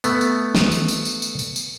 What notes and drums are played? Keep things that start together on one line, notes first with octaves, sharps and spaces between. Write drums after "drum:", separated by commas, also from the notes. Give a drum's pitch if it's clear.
A3 B3, drum: tambourine
drum: tambourine
drum: snare
drum: tambourine
drum: tambourine
drum: tambourine
drum: tambourine
drum: tambourine
drum: tambourine